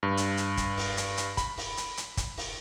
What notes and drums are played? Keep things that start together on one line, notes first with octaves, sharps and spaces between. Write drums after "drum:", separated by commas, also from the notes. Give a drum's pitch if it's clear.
G2
drum: hi-hat
drum: hi-hat
drum: kick, hi-hat
drum: open hi-hat
drum: hi-hat
drum: hi-hat
B5, drum: kick, hi-hat
drum: open hi-hat
drum: hi-hat
drum: hi-hat
drum: kick, hi-hat
drum: open hi-hat